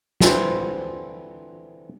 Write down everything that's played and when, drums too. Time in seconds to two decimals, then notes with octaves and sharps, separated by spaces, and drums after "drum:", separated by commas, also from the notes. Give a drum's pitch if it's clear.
0.20 D3 E3 C4 E4 C5, drum: snare